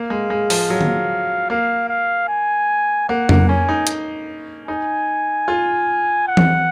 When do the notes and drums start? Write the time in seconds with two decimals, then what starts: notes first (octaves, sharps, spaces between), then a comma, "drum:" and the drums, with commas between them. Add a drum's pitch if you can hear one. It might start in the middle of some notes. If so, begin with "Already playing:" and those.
Already playing: A#3 F5
0.10 G#3
0.30 G#3
0.50 F3, drum: open hi-hat
0.70 F#3
0.81 drum: tom D3
1.50 A#3 F5
1.89 F5
2.29 G#5
3.09 A#3 F#5
3.29 A#3, drum: tom F2
3.49 C#4 G#5
3.69 D#4
3.87 drum: hi-hat
4.68 D#4 G#5
5.48 F4
6.28 F#5
6.37 drum: tom E3